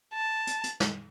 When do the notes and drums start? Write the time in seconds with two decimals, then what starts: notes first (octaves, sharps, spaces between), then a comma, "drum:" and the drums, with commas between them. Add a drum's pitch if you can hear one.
0.14 A5
0.47 drum: hi-hat
0.64 drum: hi-hat
0.80 drum: snare